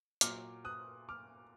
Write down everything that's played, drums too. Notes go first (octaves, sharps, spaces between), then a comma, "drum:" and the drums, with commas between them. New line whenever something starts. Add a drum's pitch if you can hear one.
A#2 F#3 D6 F6, drum: hi-hat
D#6 F#6
D6 F6